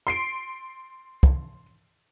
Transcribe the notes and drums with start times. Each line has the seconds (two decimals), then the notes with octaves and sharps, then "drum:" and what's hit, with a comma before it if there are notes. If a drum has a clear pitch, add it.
0.07 C6 C7 D7
1.23 drum: kick